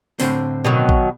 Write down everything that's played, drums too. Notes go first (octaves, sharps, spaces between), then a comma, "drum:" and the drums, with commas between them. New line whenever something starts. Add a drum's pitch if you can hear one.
A2 D3 C4, drum: open hi-hat
B2 D#3 F#3
drum: kick A1